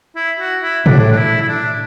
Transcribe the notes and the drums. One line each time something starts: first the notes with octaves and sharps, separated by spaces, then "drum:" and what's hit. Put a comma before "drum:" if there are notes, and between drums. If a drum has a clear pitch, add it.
E4
F#4
E4
A2 D4, drum: tom A2
D4
E4
E4
D4